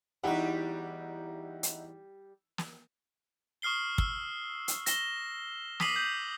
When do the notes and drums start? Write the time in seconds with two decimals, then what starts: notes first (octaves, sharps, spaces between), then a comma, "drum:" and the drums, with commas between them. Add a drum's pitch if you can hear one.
0.24 E2 G3 D#4 E4 F#4 G4 F#5
1.63 drum: hi-hat
2.58 drum: snare
3.62 C#6 D#6 F6 C7 G7
3.98 E6, drum: kick
4.68 drum: hi-hat
4.86 A#6 E7 G7, drum: hi-hat
5.80 D6 D#6 B6 C7 D#7 F#7, drum: snare
5.96 G6